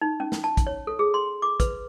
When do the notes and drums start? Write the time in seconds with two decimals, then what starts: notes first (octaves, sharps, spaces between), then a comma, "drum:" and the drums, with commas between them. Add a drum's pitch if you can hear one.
0.01 D#4
0.20 C#4
0.32 drum: snare
0.44 A5
0.57 drum: kick, hi-hat
0.67 C#5
0.87 A4
0.99 G#4
1.14 C6
1.42 D6
1.60 B4, drum: kick, hi-hat